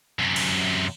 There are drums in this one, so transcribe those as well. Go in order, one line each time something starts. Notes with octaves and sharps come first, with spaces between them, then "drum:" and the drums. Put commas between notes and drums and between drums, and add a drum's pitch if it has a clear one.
F#2 C3
drum: cymbal